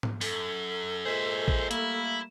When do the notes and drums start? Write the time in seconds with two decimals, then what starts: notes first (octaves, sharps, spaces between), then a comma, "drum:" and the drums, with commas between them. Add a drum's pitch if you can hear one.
0.03 drum: tom G#2
0.21 F#2 A4, drum: open hi-hat
1.05 A#2 G#3 G#4 C5 E5
1.48 drum: kick A1
1.71 G3 A3 A#3 E4, drum: hi-hat